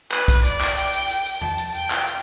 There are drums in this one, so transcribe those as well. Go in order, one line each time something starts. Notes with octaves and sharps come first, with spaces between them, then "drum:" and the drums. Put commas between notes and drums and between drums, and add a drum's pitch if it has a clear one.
B4, drum: clap
drum: kick, hi-hat
D5, drum: hi-hat
drum: clap
G5, drum: hi-hat
drum: hi-hat
drum: hi-hat
drum: hi-hat
A5, drum: tom E2
drum: hi-hat
G5, drum: hi-hat
drum: clap
drum: hi-hat